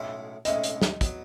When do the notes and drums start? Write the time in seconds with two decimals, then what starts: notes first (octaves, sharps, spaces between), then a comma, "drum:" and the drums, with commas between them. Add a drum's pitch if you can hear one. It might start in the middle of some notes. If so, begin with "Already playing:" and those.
Already playing: B1 A2 G#3 C#4 E4
0.45 B1 A2 G#3 C#4 E4 D#5, drum: hi-hat
0.63 drum: hi-hat
0.82 drum: snare
1.01 F#3 B3, drum: kick, hi-hat